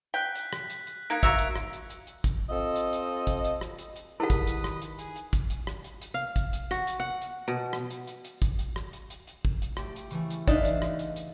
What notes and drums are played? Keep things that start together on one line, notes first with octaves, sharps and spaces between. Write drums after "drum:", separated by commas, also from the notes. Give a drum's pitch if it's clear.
G5 F#6 B6
drum: hi-hat
drum: rim click
drum: hi-hat
drum: hi-hat
A#3 D#4 F#6 G#6 D7
A#3 F#4 E5 F#6 C#7 F7, drum: kick, hi-hat
drum: hi-hat
drum: rim click
drum: hi-hat
drum: hi-hat
drum: hi-hat
drum: kick, hi-hat
C4 F4 A4 D#5
drum: hi-hat
drum: hi-hat
drum: kick, hi-hat
drum: hi-hat
drum: rim click
drum: hi-hat
drum: hi-hat
D#3 E4 G4 G#4 B4 D#5 F#5
drum: kick, hi-hat
drum: hi-hat
drum: rim click
drum: hi-hat
G#4, drum: hi-hat
drum: hi-hat
drum: kick, hi-hat
drum: hi-hat
drum: rim click
drum: hi-hat
drum: hi-hat
F5
drum: kick, hi-hat
drum: hi-hat
F#4, drum: rim click
drum: hi-hat
F#5
drum: hi-hat
B2
drum: rim click
drum: hi-hat
drum: hi-hat
drum: hi-hat
drum: kick, hi-hat
drum: hi-hat
drum: rim click
drum: hi-hat
drum: hi-hat
drum: hi-hat
drum: kick
drum: hi-hat
A3 G4, drum: rim click
drum: hi-hat
C#3 E3 A3, drum: hi-hat
drum: hi-hat
D4 D#4 B4 E5 F5, drum: kick, hi-hat
drum: hi-hat
drum: rim click
drum: hi-hat
drum: hi-hat